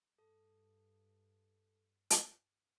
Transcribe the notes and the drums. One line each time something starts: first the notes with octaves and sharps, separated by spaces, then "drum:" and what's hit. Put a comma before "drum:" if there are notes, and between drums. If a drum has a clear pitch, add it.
G2 A4
drum: hi-hat